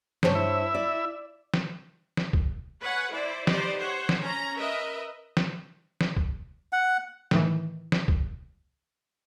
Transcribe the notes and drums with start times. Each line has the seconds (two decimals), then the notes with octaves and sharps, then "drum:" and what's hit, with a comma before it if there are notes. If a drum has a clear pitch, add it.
0.23 G2 C#3 C5 C#5, drum: snare
0.35 E4 E5
0.74 D5
1.54 drum: snare
2.17 drum: snare
2.33 drum: kick
2.82 B4 C#5 F#5 G#5
3.13 E4 C5 D5
3.47 D#4 G4 B4 C5 D5 D#5, drum: snare
3.80 C5 C#5 F#5
4.09 drum: snare
4.21 C#4 A#5
4.56 A#4 B4 D#5 E5
5.37 drum: snare
6.01 drum: snare
6.17 drum: kick
6.73 F#5
7.31 A2 D#3 E3, drum: snare
7.92 drum: snare
8.08 drum: kick